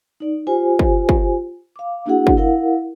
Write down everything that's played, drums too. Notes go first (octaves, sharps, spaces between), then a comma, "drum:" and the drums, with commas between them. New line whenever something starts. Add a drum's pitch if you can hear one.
D#4 D5
F4 G4 C5 G#5
drum: kick
drum: kick
F5 D6
A#3 D4 E4 F#4 G#4 F#5
drum: kick
E4 A#4 F5 F#5